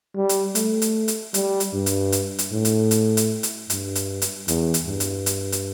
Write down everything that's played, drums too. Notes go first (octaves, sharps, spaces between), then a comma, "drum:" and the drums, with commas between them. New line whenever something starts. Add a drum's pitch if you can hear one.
G3
drum: hi-hat
A3, drum: hi-hat
drum: hi-hat
drum: hi-hat
G3, drum: hi-hat
drum: hi-hat
G2
drum: hi-hat
drum: hi-hat
drum: hi-hat
A2
drum: hi-hat
drum: hi-hat
drum: hi-hat
drum: hi-hat
G2, drum: hi-hat
drum: hi-hat
drum: hi-hat
E2, drum: hi-hat
drum: hi-hat
G2
drum: hi-hat
drum: hi-hat
drum: hi-hat